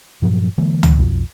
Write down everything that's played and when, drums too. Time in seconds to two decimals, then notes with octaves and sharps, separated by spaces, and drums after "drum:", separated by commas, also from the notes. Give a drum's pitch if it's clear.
0.22 G2 A#2 F3 F#3
0.58 D3 E3 G#3 A#3
0.83 drum: tom C#2
0.98 B1 F2 F3